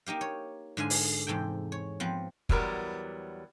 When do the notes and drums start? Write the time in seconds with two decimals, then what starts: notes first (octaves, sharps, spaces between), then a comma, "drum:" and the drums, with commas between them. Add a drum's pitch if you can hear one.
0.06 A#3 D#4 G4 F5
0.21 C#5
0.77 G#2 D3 F5 G#5
0.90 drum: open hi-hat
1.27 E2 G#2 C3 A4 G5
1.72 C#5
2.00 F3 B3 C4
2.49 E2 F#3 G3 B3 A#4, drum: kick